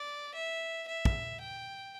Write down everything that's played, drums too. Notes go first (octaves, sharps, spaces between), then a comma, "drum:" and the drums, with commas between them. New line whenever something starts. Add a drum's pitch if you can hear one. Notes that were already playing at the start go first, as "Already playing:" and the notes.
Already playing: D5
E5
E5
drum: kick
G5